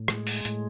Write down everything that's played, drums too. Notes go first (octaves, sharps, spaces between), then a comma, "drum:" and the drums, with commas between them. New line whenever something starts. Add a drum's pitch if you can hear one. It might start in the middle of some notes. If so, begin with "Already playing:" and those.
Already playing: A2
G#3, drum: rim click
drum: open hi-hat
A2, drum: hi-hat